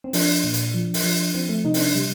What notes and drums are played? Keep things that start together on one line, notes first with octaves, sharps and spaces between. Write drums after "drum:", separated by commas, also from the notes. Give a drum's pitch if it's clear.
C4
F3 D4, drum: open hi-hat
A#2
drum: hi-hat
F3
drum: open hi-hat
F3
F3 C4
A3
C3 D#4
C4, drum: open hi-hat
D4
C3 G3